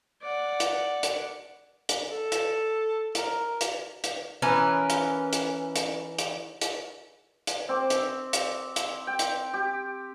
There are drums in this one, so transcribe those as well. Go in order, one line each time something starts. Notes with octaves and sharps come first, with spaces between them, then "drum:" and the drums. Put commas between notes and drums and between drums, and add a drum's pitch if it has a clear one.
D5 F#5
drum: hi-hat
drum: hi-hat
drum: hi-hat
A4
drum: hi-hat
A#4, drum: hi-hat
drum: hi-hat
drum: hi-hat
E3 C#4 A#4 B4
drum: hi-hat
drum: hi-hat
drum: hi-hat
drum: hi-hat
drum: hi-hat
drum: hi-hat
C4 D6
drum: hi-hat
drum: hi-hat
drum: hi-hat
G5
drum: hi-hat
G4